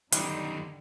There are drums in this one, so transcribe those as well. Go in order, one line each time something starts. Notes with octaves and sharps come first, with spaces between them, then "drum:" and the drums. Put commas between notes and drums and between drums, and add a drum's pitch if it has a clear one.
F#2 D3 D#3 G3 D#4, drum: hi-hat